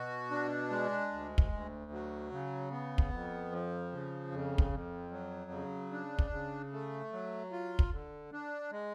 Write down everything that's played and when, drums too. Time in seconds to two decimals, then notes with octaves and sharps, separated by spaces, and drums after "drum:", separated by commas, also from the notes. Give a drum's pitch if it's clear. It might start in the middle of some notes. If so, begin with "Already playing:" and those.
Already playing: B2 F#4
0.31 D4
0.71 G#3
1.12 D2
1.38 drum: kick
1.52 D2
1.92 F#3
2.32 C#3
2.71 B3
2.98 drum: kick
3.11 F2
3.52 F3
3.92 C#3
4.32 F2
4.58 drum: kick
4.72 F2
5.11 F#3
5.51 C#3
5.92 D4
6.19 drum: kick
6.31 C#3
6.73 A3
7.12 F#3
7.52 F4
7.79 drum: kick
7.92 D3
8.32 D4
8.72 G#3